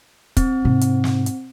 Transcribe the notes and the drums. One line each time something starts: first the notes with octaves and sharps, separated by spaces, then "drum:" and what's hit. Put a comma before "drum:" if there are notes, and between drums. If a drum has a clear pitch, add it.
C4, drum: kick, hi-hat
G#2 C3
drum: hi-hat
drum: snare
drum: hi-hat